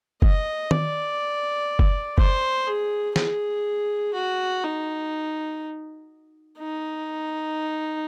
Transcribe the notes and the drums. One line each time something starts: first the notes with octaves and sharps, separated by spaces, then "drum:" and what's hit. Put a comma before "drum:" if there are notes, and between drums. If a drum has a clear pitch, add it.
D#5, drum: kick F#1
D5, drum: tom D#3
drum: kick F#1
C5, drum: kick F#1
G#4
G#4, drum: snare
F#4
D#4
D#4